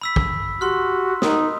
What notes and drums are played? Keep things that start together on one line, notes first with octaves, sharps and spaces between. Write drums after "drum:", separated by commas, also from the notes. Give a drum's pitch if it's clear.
B5 E6 B6
drum: kick
F#4 G4 C6 F6
D#4 A#4 D#6, drum: snare